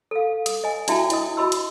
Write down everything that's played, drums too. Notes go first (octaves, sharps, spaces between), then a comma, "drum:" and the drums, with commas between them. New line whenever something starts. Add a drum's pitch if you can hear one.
A4 F5
D#6, drum: hi-hat
D#5 G#5
D4 E4 F#4 E5 G5 A5, drum: hi-hat
E4 D#5 D#6, drum: hi-hat
F#4 D#5 B5 C6 E6
drum: hi-hat